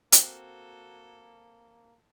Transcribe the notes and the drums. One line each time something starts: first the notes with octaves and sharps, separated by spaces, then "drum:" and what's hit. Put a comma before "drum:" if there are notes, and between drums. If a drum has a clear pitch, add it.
A#3 C4 F#4 A4 F5, drum: hi-hat